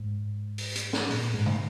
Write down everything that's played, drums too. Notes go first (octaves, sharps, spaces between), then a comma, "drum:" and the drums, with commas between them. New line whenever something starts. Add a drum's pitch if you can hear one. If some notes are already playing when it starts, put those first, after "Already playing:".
Already playing: G#2
drum: open hi-hat
drum: hi-hat
drum: snare
A#2, drum: open hi-hat
G#2
drum: tom C#3